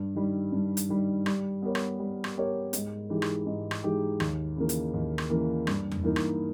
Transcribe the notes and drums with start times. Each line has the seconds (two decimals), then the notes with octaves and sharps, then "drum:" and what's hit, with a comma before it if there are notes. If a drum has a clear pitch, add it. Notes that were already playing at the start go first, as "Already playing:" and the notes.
Already playing: G2
0.15 D#3 G3
0.52 G2
0.77 drum: hi-hat
0.89 D#3 G3
1.26 G3, drum: rim click
1.62 B3 G4 A#4 C#5
1.75 drum: rim click
1.99 G3
2.24 drum: rim click
2.36 B3 G4 A#4 C#5
2.73 G#2, drum: hi-hat
3.10 E3 G#3 D#4 G4
3.22 drum: rim click
3.46 G#2
3.71 drum: rim click
3.83 E3 G#3 D#4 G4
4.20 D#2, drum: rim click
4.57 C#3 E3 A#3
4.69 drum: hi-hat
4.94 D#2
5.18 drum: rim click
5.30 C#3 E3 A#3
5.67 G2, drum: rim click
5.91 drum: tom E2
6.03 E3 A#3 D#4
6.16 drum: rim click